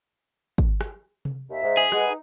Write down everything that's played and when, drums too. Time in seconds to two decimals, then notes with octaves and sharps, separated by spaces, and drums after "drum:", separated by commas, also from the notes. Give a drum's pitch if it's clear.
0.58 drum: kick
0.81 drum: rim click
1.25 drum: tom C3
1.50 D#2 E5
1.63 G#2
1.77 G#4
1.92 G#3 B4 F#5, drum: rim click
2.08 D#4